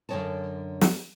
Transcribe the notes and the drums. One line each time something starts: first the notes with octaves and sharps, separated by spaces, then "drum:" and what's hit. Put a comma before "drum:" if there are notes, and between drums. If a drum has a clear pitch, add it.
F#2 D3 G#3 C#5 D#5 A5
drum: snare